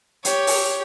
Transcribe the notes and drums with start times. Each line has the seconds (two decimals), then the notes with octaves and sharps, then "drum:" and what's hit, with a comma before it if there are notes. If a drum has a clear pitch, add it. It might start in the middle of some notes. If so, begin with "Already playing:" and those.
0.25 G4 C#5, drum: hi-hat
0.47 drum: open hi-hat